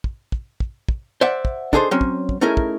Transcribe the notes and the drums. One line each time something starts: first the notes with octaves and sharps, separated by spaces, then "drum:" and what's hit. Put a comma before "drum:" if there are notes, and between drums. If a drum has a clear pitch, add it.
drum: kick
drum: kick
drum: kick
drum: kick
C5 D5 E5 F#5
drum: kick
D4 D#4 G#4 A4 B4 C5, drum: kick
F#3 C4 C#4
drum: kick
drum: kick
A3 C#4 D#4 E4 G#4 A#4
drum: kick